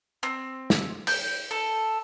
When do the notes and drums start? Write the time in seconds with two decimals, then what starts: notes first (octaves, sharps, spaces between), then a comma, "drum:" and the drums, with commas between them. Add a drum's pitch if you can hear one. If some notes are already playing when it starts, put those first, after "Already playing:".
0.23 C4
0.70 drum: snare
1.07 G6, drum: open hi-hat
1.51 A4